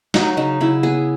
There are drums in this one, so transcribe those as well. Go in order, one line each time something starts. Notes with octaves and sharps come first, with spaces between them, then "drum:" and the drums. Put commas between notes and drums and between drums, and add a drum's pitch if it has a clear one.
F#3 D#4, drum: snare
C#3 D#4
C#3 E4
B3 G#4